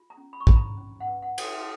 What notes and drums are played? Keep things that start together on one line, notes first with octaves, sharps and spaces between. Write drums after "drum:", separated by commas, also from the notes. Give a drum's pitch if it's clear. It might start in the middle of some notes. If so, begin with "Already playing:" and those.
Already playing: F4
A#5
C#4
B5
C#6
C#4 B5, drum: kick
A#5
C#4
F#5
B4
F#5
B4, drum: cymbal
G#5